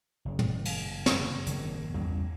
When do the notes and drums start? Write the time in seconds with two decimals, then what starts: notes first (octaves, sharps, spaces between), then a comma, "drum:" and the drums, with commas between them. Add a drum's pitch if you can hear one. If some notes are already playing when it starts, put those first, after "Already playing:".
0.25 F#1
0.39 drum: tom
0.65 drum: cymbal
1.06 drum: snare
1.47 F#1 G#2 D#3, drum: hi-hat
1.94 A1 E2 G2 G3